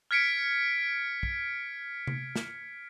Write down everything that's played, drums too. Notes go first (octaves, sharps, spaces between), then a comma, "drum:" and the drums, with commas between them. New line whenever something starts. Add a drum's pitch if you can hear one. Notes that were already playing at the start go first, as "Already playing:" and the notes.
F6 G#6 B6 C#7 D7
drum: kick
drum: tom C3
drum: snare